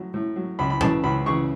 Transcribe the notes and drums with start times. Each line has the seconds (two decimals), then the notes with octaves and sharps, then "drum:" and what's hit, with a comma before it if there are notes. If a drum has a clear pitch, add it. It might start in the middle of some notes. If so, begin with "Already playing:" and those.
Already playing: A2 F#3
0.14 A2
0.36 F#3
0.59 C#2 B5
0.70 B5
0.81 C#3 E3 A5, drum: tom A2
1.04 C#2 B5
1.26 C#3 E3 C#6